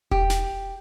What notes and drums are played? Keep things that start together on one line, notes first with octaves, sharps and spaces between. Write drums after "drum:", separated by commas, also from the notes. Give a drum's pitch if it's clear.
G4, drum: kick E1
drum: snare